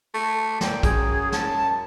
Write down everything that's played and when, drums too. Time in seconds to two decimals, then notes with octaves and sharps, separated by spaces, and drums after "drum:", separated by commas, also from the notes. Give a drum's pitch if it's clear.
0.14 A3
0.61 A#2 G5, drum: snare
0.83 F#2 G#4, drum: kick, hi-hat
1.32 A5, drum: snare